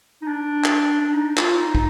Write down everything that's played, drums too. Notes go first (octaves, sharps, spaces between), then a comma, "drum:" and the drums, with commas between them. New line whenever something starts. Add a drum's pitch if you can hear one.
D#4
D4
drum: clap
D4
D#4
F4, drum: clap
D#4
D#4, drum: kick